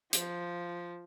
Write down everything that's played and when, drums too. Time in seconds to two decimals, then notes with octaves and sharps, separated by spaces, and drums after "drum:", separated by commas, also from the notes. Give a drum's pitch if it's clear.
0.13 F3, drum: hi-hat